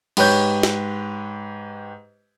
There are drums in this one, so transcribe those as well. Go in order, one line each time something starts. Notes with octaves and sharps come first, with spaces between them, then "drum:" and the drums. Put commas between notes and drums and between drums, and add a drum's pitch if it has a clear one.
G#2 G4 B4 C#5 G6, drum: cymbal
drum: snare